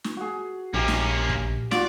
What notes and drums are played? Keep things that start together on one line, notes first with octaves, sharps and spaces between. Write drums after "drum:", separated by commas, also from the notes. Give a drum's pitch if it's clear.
drum: snare
F#4 G#4
A#1 A#3 C#4 G4 G#5
drum: snare
drum: kick
F4 F#4 D5, drum: snare